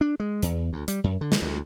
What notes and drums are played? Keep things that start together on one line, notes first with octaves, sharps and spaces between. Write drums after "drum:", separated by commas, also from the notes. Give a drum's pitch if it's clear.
D4
G#3
E2, drum: hi-hat
D2
G3, drum: hi-hat
F#2
D3
drum: snare
D2